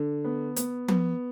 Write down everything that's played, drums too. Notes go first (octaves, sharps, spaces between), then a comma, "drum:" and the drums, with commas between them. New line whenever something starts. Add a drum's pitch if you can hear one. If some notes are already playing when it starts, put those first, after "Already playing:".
Already playing: D3
B3
B3, drum: hi-hat
B3, drum: tom F3